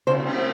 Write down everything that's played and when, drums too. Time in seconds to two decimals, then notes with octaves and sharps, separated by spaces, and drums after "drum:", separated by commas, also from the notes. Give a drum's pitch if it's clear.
0.07 C#3 C5, drum: cymbal
0.25 drum: cymbal